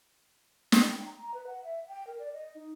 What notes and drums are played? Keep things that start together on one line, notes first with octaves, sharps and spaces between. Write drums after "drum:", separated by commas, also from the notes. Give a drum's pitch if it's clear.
drum: snare
G5
A#5
A#5
B4
F#5
E5
G5
A#4
D5
D#5
D#4